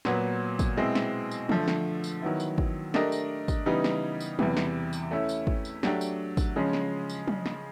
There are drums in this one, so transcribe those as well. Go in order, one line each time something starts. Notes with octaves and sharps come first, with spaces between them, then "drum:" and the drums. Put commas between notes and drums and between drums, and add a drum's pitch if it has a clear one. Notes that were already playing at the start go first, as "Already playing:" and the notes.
A#2 F#3 B3, drum: snare
drum: kick, tambourine
B2 G#3 C4 E4
drum: snare
drum: tambourine
D3 F3 A3, drum: tom
drum: snare
drum: tambourine
D#3 F#3 B3 E4
drum: tambourine
drum: kick
A3 D4 G4 A#4 D#5, drum: snare
drum: tambourine
drum: kick, tambourine
C#3 E3 G3 B3 D#4
drum: snare
drum: tambourine
E2 C3 E3 G3, drum: tom
drum: snare
drum: tambourine
A3 C#4 E4
drum: tambourine
drum: kick
drum: tambourine
F#3 A3 D4 G4, drum: snare
drum: tambourine
drum: kick, tambourine
C#3 F3 G#3 C#4
drum: snare
drum: tambourine
drum: tom
drum: snare